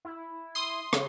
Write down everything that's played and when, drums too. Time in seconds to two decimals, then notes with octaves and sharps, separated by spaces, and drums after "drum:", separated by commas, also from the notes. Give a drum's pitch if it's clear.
0.05 E4
0.55 C6 D#6
0.93 C#3, drum: rim click